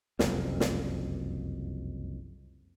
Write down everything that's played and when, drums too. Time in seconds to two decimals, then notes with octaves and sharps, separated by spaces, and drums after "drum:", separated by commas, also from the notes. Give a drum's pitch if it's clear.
0.19 F#1 C2 F2, drum: snare
0.60 drum: snare